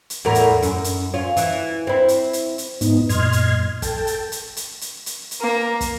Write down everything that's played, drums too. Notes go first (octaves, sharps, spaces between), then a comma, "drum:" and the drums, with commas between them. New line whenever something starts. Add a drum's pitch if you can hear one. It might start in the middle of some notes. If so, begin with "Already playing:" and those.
drum: hi-hat
E2 A2 A#4
drum: hi-hat
F#2, drum: hi-hat
drum: hi-hat
C#4 F4
E3, drum: hi-hat
C4 E4
drum: hi-hat
drum: hi-hat
drum: hi-hat
G#2 B3 D#4, drum: hi-hat
F#2 A#2 D#5 C6 F6 G#6, drum: hi-hat
drum: hi-hat
A4 G5 A5, drum: kick, hi-hat
drum: hi-hat
drum: hi-hat
drum: hi-hat
drum: hi-hat
drum: hi-hat
drum: hi-hat
A#3
drum: kick, hi-hat